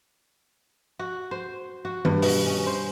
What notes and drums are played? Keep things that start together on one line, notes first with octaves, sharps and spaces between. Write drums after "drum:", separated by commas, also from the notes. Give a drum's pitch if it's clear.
F#4
C5
F#4
G2, drum: tom D#3
B2, drum: open hi-hat
C#4
C5